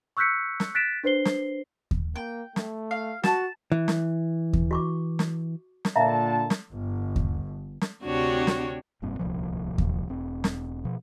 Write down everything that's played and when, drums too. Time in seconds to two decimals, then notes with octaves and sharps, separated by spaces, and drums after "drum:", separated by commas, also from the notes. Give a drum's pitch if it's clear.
0.17 C#6 E6 F#6 G6 B6 C#7
0.60 drum: snare
0.75 F#6 A6 B6 D7 E7
1.04 D4 B4 C5 C7 G7
1.25 drum: snare
1.91 drum: kick D#2
2.16 A#3 G5
2.56 A3, drum: snare
2.91 F5
3.24 F#4 A5, drum: snare
3.72 E3
3.88 drum: snare
4.53 drum: kick D#2
4.71 F#4 C#6 D6
5.19 drum: snare
5.85 drum: snare
5.96 A#2 D3 E5 F5 A5 A#5
6.50 drum: snare
6.73 G1
7.16 drum: kick D#2
7.81 drum: snare
8.02 D2 C3 D4 F#4 G4 C#5
8.47 drum: snare
9.02 F1 G2 A#2 C4
9.19 D1 C2 A#2 F3
9.78 drum: kick D#2
10.09 E1 C4
10.44 drum: snare
10.85 B2 F3